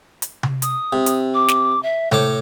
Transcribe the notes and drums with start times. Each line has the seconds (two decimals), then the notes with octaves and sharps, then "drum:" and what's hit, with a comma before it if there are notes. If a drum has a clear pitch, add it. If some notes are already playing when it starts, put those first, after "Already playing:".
0.22 drum: hi-hat
0.43 drum: tom C3
0.62 D#6, drum: hi-hat
0.93 C3
1.06 drum: hi-hat
1.34 D6
1.48 drum: snare
1.82 E5
2.12 A2 C5 C#5 D6, drum: tom C3